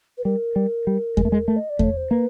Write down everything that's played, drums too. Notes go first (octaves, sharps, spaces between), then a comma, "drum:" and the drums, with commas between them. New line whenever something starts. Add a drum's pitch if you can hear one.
B4
G3 A#4
G3
G3
G#3, drum: kick E2
A3
G#3
A3
D#5
D5
A3 C#5, drum: kick E2
C5
A#3 B4